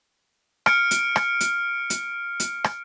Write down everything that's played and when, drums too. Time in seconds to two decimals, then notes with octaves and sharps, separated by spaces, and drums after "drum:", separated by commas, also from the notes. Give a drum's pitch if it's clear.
0.66 F6 C#7 D7, drum: rim click
0.91 drum: hi-hat
1.16 drum: rim click
1.40 drum: hi-hat
1.90 drum: hi-hat
2.40 drum: hi-hat
2.64 drum: rim click